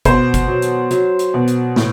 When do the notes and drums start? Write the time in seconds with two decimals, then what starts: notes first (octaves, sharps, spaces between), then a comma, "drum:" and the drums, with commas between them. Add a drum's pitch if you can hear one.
0.05 B2 C5, drum: kick G1, hi-hat
0.34 drum: kick G1, hi-hat
0.48 F#3
0.62 drum: hi-hat
0.91 F#3, drum: hi-hat
1.19 drum: hi-hat
1.34 B2
1.48 drum: hi-hat
1.76 A2, drum: snare